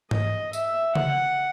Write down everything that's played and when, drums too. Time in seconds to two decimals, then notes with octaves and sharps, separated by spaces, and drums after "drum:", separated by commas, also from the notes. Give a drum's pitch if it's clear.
0.11 D#5, drum: tom G#2
0.53 E5, drum: tambourine
0.95 F#5, drum: tom C#3